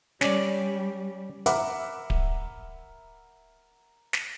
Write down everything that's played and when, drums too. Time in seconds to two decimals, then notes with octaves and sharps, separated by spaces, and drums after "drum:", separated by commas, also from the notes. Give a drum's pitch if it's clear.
0.21 G3 C#4 D5, drum: snare
1.46 A#4 E5 F#5 B5 D6, drum: hi-hat
2.10 drum: kick D1
4.13 drum: snare